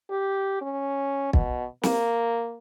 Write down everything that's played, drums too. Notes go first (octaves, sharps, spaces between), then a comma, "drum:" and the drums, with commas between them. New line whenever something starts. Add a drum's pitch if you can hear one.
G4
C#4
B2, drum: kick
A#3, drum: snare